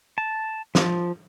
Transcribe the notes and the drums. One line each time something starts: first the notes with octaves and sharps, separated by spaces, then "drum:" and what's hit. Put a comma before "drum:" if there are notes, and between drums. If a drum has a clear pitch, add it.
A5
F3, drum: snare